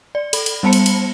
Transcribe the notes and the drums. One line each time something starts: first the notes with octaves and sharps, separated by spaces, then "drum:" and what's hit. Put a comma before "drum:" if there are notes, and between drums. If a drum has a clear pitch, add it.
D5
A4 B5, drum: cymbal
drum: cymbal
G3 B3 C5 A5 B5 C#7
drum: cymbal
drum: cymbal